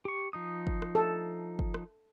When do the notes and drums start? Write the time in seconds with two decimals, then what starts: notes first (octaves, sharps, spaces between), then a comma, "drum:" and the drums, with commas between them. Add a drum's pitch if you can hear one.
0.05 G4 C#6
0.33 F3 D#4 D#6
0.67 drum: kick
0.82 drum: rim click
0.95 A4
1.59 drum: kick
1.74 drum: rim click